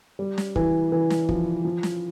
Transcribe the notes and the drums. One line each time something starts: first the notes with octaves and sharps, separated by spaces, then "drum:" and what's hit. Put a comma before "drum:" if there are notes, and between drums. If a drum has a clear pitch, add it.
G3
drum: snare
E3, drum: kick
E3
drum: snare
F3, drum: kick
F3
drum: snare